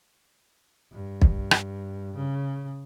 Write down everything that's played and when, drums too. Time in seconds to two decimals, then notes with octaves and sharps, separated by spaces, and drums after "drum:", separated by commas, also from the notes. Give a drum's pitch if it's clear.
0.92 G2
1.22 drum: kick
1.51 drum: rim click
2.16 C#3